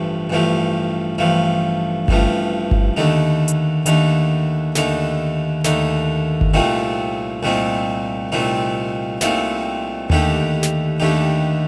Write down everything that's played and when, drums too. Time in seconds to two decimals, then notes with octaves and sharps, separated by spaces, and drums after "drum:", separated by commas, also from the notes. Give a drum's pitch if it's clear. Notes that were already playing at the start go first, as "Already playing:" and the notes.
Already playing: A1 G2 F3 A3
0.30 A1 G2 F3 A3
1.18 A1 G2 F3 A3
2.08 A1 G2 F3 A3, drum: kick G1
2.71 drum: kick G1
2.97 D#2 D3 A3 D#4
3.48 drum: hi-hat
3.86 D#2 D3 A3 D#4, drum: hi-hat
4.75 D#2 D3 A3 D#4, drum: snare
5.64 D#2 D3 A3 D#4, drum: snare
6.41 drum: kick G1
6.54 C2 A#2 A3 C4 D#4
7.43 C2 A#2 A3 C4 D#4
8.32 C2 A#2 A3 C4 D#4
9.21 C2 A#2 A3 C4 D#4, drum: snare
10.10 D#2 D3 A3 D#4 G4, drum: tom D#2
10.63 drum: snare
11.00 D#2 D3 A3 D#4 G4